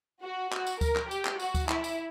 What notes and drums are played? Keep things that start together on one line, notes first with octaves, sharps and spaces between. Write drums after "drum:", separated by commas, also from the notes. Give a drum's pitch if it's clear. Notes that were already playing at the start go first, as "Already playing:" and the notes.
F#4
F#4, drum: clap
drum: tambourine
A#4, drum: kick D2, tambourine
drum: clap
G4, drum: tambourine
drum: clap
F#4, drum: tambourine
drum: kick D2, tambourine
E4, drum: clap
drum: tambourine